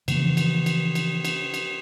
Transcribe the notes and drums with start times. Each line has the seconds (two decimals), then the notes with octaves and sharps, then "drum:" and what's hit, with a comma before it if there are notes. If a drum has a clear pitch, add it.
0.08 C#3 E3 F3 A#3, drum: cymbal
0.37 drum: cymbal
0.66 drum: cymbal
0.95 drum: cymbal
1.25 drum: cymbal
1.54 drum: cymbal